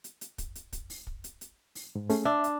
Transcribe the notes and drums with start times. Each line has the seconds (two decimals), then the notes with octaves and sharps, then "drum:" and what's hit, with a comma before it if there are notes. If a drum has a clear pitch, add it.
0.04 drum: hi-hat
0.21 drum: hi-hat
0.38 drum: kick, hi-hat
0.55 drum: hi-hat
0.73 drum: kick, hi-hat
0.90 drum: open hi-hat
1.07 drum: kick
1.24 drum: hi-hat
1.41 drum: hi-hat
1.75 drum: open hi-hat
1.95 G#2
2.10 A3 C#4 G#4, drum: open hi-hat
2.25 D4 E5
2.44 drum: hi-hat